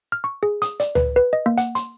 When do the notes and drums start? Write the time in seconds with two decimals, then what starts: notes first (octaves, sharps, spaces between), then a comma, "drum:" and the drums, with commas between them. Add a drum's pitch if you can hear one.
0.12 F6
0.24 C#6
0.43 G#4
0.62 D#6, drum: hi-hat
0.80 D5, drum: hi-hat
0.95 B4, drum: tom C#2
1.16 B4
1.33 D#5
1.46 A#3
1.58 F#5, drum: hi-hat
1.75 C6, drum: hi-hat